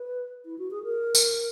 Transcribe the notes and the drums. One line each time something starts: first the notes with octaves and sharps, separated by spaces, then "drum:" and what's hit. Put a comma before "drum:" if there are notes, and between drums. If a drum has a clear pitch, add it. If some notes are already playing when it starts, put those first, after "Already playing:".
Already playing: B4
E4
F#4
G#4
A#4
drum: tambourine